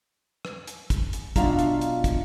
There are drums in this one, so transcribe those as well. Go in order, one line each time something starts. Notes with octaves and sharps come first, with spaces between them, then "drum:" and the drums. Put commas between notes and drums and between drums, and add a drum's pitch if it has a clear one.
drum: rim click
drum: hi-hat
drum: kick, hi-hat
drum: hi-hat
B2 D4 F4 E5 F5 A#5, drum: kick, hi-hat
drum: hi-hat
drum: hi-hat
drum: kick, hi-hat